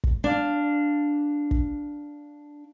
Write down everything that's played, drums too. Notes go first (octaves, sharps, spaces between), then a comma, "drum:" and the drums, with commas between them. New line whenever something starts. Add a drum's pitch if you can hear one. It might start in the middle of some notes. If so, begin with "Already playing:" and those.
drum: kick
D4 F5
drum: kick